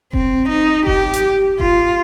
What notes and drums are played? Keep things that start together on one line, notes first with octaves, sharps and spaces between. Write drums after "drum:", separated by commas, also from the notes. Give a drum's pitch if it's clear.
C4, drum: kick F1
D#4
G4, drum: kick F1
drum: hi-hat
F4, drum: kick F1